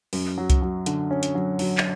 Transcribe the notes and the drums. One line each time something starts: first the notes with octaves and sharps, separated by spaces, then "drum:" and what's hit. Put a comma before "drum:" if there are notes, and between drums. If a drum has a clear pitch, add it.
F#2, drum: open hi-hat
F#3
drum: kick C2, hi-hat
F#3
D3, drum: hi-hat
C#4
drum: hi-hat
F#3
F#3, drum: open hi-hat
drum: clap